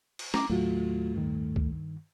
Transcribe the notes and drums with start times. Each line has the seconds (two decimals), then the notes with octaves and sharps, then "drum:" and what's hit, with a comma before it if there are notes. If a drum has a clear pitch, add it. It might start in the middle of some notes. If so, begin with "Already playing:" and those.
0.19 drum: cymbal
0.34 C#4 A#5 D6, drum: snare
0.50 D#2 A2 F#3 A3 F4 F#4
1.15 G2 D#3
1.56 drum: kick C#2